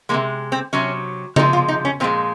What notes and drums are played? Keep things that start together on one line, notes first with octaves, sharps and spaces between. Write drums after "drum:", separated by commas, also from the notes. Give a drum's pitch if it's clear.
C3 F3 G#3 A#3
C4
C3 F#3 C#4
C3 F3 G#3 D#4, drum: tom C#3
F4
D#4
C#4
A#2 F3 G#3 C4